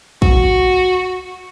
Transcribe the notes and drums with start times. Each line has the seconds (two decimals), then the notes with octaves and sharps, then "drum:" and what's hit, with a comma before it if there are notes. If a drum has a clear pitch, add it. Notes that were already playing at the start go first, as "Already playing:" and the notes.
0.22 F#4, drum: kick